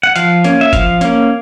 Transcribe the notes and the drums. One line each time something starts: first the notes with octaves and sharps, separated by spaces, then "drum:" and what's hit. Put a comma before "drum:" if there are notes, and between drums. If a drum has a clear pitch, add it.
F#5
F3 F5, drum: hi-hat
A#3 C#4, drum: hi-hat
E5
F3 F5, drum: kick, hi-hat
A#3 C#4, drum: hi-hat